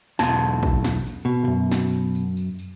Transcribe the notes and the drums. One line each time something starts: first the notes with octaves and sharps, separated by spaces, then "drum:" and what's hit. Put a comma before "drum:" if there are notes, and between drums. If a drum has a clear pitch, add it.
B1 E2 A5, drum: snare
drum: tambourine
drum: kick, tambourine
drum: snare
drum: tambourine
B2
C#2 F#2
drum: snare
drum: tambourine
drum: tambourine
drum: tambourine
drum: tambourine